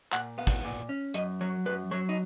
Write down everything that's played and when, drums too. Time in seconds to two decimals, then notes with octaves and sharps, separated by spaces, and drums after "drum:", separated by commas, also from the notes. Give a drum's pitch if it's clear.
0.13 A#2 F#5, drum: clap
0.38 B3 F5
0.47 drum: kick, hi-hat
0.65 A#2
0.89 C#4
1.14 F#2 D#5, drum: hi-hat
1.41 F#3 C#5
1.66 F#2 B4
1.91 F#3 C#5
2.09 D#4